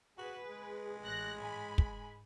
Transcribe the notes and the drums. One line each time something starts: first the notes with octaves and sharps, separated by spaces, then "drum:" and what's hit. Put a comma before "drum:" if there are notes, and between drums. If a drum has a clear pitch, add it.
F#4 G#4 B4
G#3
A1 F#6 A#6
G#2 G#5 B5
drum: kick